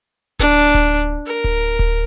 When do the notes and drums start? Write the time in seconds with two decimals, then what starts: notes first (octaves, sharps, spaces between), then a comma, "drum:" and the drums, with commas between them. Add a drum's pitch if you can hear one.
0.39 D4, drum: kick D1
0.74 drum: kick D1
1.26 A#4
1.44 drum: kick D1
1.79 drum: kick D1